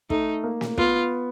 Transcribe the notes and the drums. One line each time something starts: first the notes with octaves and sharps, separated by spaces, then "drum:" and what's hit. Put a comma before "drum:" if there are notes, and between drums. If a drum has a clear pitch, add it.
A3 D#4, drum: kick
A#3
drum: snare
B3 F4, drum: kick